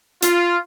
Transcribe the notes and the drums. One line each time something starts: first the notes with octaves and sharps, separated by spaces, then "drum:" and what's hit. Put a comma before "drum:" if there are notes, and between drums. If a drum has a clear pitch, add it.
F4, drum: hi-hat